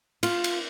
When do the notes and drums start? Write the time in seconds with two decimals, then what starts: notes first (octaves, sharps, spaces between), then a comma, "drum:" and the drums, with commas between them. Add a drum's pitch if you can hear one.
0.23 F4, drum: cymbal
0.44 drum: cymbal